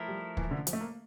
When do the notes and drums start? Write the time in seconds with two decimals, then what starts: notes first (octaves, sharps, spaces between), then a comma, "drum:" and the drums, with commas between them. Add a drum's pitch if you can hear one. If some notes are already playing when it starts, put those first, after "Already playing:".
Already playing: F3 A3 E4 A#4
0.08 G3
0.37 E3, drum: kick
0.51 D3
0.67 F3, drum: hi-hat
0.73 A3
0.81 A#3